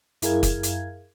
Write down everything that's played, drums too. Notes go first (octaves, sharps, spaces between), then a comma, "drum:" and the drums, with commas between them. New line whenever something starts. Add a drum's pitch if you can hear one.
F#2 E4 G#4 A#4 F5 G#6, drum: hi-hat
drum: kick, hi-hat
drum: hi-hat